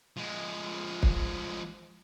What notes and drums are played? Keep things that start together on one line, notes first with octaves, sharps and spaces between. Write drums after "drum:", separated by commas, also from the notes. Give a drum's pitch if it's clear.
F3 G#3
drum: kick